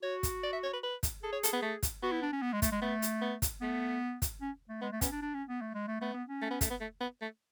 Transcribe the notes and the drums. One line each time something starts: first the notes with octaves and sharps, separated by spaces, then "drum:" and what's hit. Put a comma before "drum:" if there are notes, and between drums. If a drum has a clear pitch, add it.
F#4 C#5
drum: kick, hi-hat
D5
E5
C#5
B4
B4
drum: kick, hi-hat
G#4 A4
C#5
A4, drum: hi-hat
B3
A3
drum: kick, hi-hat
B3 F#4
E4
D4
C#4
B3
G#3
A3, drum: kick, hi-hat
G#3
A3 B3
drum: hi-hat
B3
drum: kick, hi-hat
A3 B3
drum: kick, hi-hat
C#4
A3
G#3 B3
A3
B3 C#4, drum: kick, hi-hat
D4
D4
C#4
B3
A3
G#3
A3
A3 B3
B3
C#4
A3
B3
A3, drum: kick, hi-hat
B3
A3
B3
A3